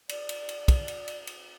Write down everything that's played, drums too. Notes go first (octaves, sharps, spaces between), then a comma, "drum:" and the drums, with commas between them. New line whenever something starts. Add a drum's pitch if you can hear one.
D5, drum: cymbal
drum: cymbal
drum: cymbal
drum: kick, cymbal
drum: cymbal
drum: cymbal
drum: cymbal